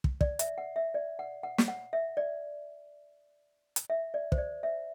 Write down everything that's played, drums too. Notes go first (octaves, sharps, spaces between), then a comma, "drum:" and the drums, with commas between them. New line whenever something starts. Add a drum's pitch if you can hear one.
drum: kick
D5, drum: kick
E5, drum: hi-hat
F#5
E5
D5
F#5
F#5
drum: snare
F#5
E5
D5
drum: hi-hat
E5
D5
C5, drum: kick
D5
E5